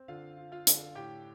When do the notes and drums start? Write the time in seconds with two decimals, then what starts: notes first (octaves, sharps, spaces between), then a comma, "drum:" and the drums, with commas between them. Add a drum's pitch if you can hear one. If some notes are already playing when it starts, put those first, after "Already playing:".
Already playing: C4
0.08 D3 F4 F5
0.37 F4
0.52 F4 F5
0.67 D3, drum: hi-hat
0.95 A2 G4 G5